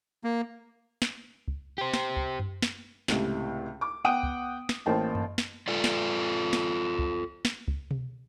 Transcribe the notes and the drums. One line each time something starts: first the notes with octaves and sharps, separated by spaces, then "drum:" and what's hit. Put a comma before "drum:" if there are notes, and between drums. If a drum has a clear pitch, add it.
A#3
drum: snare
drum: kick C#2
G4 C5
drum: snare
drum: kick C#2
drum: tom F#2
drum: snare
C#2 A2 C3, drum: snare
D6
B3 F#5 G5 D#6 D7 D#7
drum: kick C#2
drum: snare
A1 A#3 C5 G5 A5
drum: tom F#2
drum: snare
F4 A4 D5
drum: snare
drum: snare
drum: kick C#2
drum: snare
drum: kick C#2
drum: tom B2